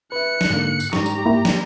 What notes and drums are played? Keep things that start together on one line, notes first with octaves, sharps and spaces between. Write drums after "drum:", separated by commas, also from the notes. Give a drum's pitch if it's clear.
B4 E5 F#6 C#7
drum: snare
G#2 D3 A#3
drum: tambourine
G#2 G3 G4 A#5 C#6, drum: snare
drum: tambourine
A#3 E4
drum: snare